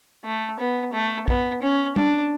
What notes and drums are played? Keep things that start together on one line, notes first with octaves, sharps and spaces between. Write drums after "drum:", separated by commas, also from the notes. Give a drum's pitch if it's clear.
A3
B3
A3
B3, drum: kick A#1
C#4
D4, drum: tom